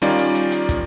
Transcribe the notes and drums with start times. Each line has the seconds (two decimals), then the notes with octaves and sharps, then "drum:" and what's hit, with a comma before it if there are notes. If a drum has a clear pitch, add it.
0.02 D#3 G3 C#4 D#4 F4 D5, drum: hi-hat
0.18 drum: hi-hat
0.35 drum: hi-hat
0.52 drum: hi-hat
0.69 drum: kick, hi-hat